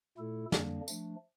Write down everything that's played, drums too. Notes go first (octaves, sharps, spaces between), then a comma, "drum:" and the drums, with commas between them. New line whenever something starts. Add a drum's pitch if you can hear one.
A#2 A3 E4 A4
F2 D3 G3 A#3 D4, drum: snare
F3 A3 D4, drum: tambourine